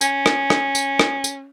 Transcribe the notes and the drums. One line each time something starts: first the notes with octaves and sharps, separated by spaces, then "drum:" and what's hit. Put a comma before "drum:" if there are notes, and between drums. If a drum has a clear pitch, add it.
C#4, drum: tambourine
drum: rim click
drum: rim click
drum: tambourine
drum: rim click
drum: tambourine